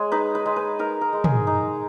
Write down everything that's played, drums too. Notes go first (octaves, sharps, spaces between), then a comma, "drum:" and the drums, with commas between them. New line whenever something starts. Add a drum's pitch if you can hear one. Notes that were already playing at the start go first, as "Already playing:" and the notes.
Already playing: G#3 C#5
D#4 B4
B4
G#3
B4
D#4 A#4
A#4
G#3
G#4, drum: tom
D#4